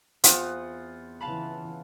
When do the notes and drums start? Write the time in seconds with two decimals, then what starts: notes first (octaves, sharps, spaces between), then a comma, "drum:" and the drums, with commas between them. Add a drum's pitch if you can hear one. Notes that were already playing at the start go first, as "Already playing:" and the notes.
0.24 E2 C4 F4 F#5 D#6, drum: hi-hat
1.21 C#3 E3 F5 A5 B5